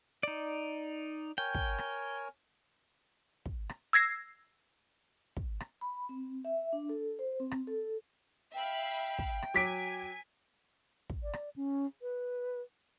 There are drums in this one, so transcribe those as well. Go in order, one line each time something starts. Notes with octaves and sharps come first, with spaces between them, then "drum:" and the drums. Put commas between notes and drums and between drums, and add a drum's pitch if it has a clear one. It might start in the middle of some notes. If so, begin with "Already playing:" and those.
D#4 D5
A#4 C#5 G5 G#5
drum: kick
drum: rim click
drum: kick
drum: rim click
E6 G#6 A#6 C7
drum: kick
drum: rim click
B5
C4
E5
D4
A4
C5
C4
drum: rim click
A4
E5 F5 G5 B5
drum: kick
drum: rim click
F#3 G#5 D6 B6 D7
drum: kick
D5
drum: rim click
C#4
B4